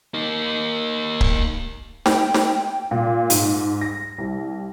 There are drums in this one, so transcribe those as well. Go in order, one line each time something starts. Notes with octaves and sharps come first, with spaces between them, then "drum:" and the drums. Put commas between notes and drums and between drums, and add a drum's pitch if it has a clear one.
A#3 D#4
drum: kick C#1
G5, drum: snare
drum: snare
A#2
G#2, drum: hi-hat
A#6
C2